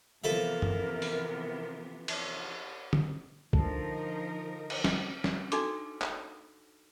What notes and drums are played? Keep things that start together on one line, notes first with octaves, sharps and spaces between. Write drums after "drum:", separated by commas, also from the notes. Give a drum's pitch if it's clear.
C3 E3 F3 B3 A4 A#4 E5
drum: tom
drum: open hi-hat
drum: cymbal
drum: tom
D3 F3 D#4 A4 A#4, drum: kick
drum: cymbal
drum: snare
drum: snare
D4 D#4 F#4 A4 D6, drum: hi-hat
drum: clap